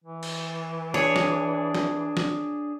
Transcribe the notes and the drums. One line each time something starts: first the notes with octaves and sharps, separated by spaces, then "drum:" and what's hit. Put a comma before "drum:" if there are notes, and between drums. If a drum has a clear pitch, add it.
E3
drum: cymbal
D4 G#4 C#5
drum: snare
drum: snare
drum: snare